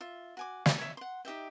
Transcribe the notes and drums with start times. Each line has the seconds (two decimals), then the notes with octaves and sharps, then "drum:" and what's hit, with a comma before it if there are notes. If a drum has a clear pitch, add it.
0.01 F4 E5
0.37 F#4 G#5 D6
0.66 A4, drum: snare
0.78 C#5 E5
0.97 F#5 C6
1.25 D#4 G4 E5 G5